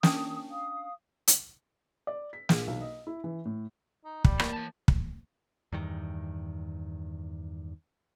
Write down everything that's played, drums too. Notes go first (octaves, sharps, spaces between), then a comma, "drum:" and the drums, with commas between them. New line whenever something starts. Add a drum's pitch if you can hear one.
C#4 D4 G5 D#6, drum: snare
F5 D#6
drum: hi-hat
D5
B6
A#1, drum: snare
B1
D#5
E4
E3
A2
D#4
G3, drum: kick
E3 A3 A#3 A6, drum: rim click
E3 A5
drum: kick
E2 G2 D#3